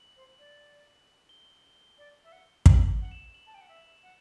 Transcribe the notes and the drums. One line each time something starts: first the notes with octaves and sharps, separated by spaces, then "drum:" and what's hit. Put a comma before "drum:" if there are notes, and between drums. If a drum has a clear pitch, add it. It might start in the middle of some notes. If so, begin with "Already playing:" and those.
Already playing: F#7
C5
D5
G7
D5
E5
F#5
G5 F#7, drum: kick
F#5 F#7
E7
F#7
A5
G5
F#5
E5
F#5